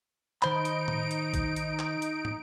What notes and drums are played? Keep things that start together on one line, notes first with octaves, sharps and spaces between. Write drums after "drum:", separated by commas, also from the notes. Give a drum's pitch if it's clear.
D#3 D#4 C5 B5 D7, drum: clap
drum: hi-hat
drum: tom A2
drum: hi-hat
drum: kick A#1, hi-hat
drum: hi-hat
drum: clap
drum: hi-hat
drum: tom